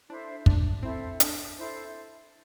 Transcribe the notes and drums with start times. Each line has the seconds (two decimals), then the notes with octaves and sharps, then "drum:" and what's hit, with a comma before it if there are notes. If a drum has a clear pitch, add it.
0.10 D4 E4 A4 C5 E5
0.46 D4, drum: kick
0.83 C4 E4 A4 C5 E5
1.20 D4, drum: hi-hat
1.57 E4 A4 C5